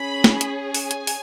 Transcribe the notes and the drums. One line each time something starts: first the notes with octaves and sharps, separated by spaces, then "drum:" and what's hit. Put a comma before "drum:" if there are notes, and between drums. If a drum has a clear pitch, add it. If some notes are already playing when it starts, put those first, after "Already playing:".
Already playing: C#4 G#4 B5
drum: snare
drum: hi-hat
G#5, drum: open hi-hat
drum: hi-hat
drum: open hi-hat